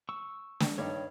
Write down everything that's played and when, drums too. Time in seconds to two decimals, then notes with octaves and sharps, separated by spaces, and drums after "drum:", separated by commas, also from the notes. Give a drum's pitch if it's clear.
0.09 C#6 E6
0.60 drum: snare
0.78 G2 D#3 C#5 D5